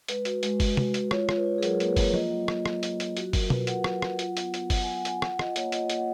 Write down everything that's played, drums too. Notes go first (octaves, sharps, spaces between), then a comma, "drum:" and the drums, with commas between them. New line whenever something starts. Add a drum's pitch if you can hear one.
G#3 B4, drum: hi-hat
F#4, drum: hi-hat
G#3, drum: hi-hat
G#3, drum: kick, open hi-hat
F#4, drum: tom
G#3, drum: hi-hat
F4 C#5, drum: rim click
F4, drum: rim click
B4
F4
G#4
F#3 A#4, drum: hi-hat
A#3, drum: hi-hat
B4
A#3 C#5, drum: kick, open hi-hat
F4 D#5, drum: tom
F#3
F#3, drum: rim click
F#3, drum: rim click
F4, drum: hi-hat
F4, drum: hi-hat
F#3 F#4, drum: hi-hat
F#3 A#4, drum: kick, open hi-hat
F4 B4, drum: tom B2
F4 F#5, drum: hi-hat
F#3, drum: rim click
F#3, drum: rim click
F4, drum: hi-hat
B3, drum: hi-hat
B3, drum: hi-hat
F4 F#5, drum: kick, open hi-hat
F4 G#5
F#5
F4 G#5, drum: hi-hat
F4 F#5, drum: rim click
F4 D#5, drum: rim click
A#3 C#5, drum: hi-hat
F4 D#5, drum: hi-hat
A#3, drum: hi-hat
F#5